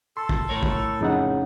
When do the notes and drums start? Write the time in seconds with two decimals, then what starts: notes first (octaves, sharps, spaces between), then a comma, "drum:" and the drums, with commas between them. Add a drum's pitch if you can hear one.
0.17 A4 C6
0.29 drum: kick
0.49 A2 A#4 C#5
0.63 drum: kick
1.01 F2 C#3 D#4 F#5